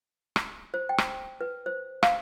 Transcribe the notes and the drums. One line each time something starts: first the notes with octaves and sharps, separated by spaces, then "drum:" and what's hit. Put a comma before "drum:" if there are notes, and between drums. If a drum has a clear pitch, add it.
drum: rim click
C5
G5
drum: rim click
B4
C5
F5, drum: rim click